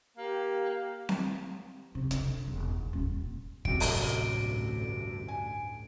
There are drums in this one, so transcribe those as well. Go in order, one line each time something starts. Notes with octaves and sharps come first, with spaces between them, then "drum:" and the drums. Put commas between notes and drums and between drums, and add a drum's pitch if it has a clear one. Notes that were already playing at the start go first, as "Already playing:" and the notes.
A#3 G4 F5
drum: snare C4
C3
D3, drum: hi-hat
E1
G#2
D#1
A1 D2 G2 C3 F#3 D7, drum: kick
drum: open hi-hat
G#5